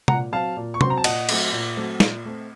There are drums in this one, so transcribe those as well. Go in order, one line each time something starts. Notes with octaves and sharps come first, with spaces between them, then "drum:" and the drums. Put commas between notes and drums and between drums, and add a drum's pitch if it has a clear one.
A#2 F#5 A#5, drum: tom C3
F#3 C4 F5 A5
A#2
C#6
F#3 C4 C6, drum: tom C3
A#5
A5
A#2 D#5 F#5, drum: cymbal
F#3 A3 C4, drum: cymbal
A#2
F#3 A3 C4
A#2, drum: snare
A3 C4